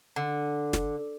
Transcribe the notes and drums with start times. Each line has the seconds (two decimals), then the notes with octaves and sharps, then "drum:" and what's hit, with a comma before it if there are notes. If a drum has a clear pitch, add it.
0.16 D3
0.73 drum: snare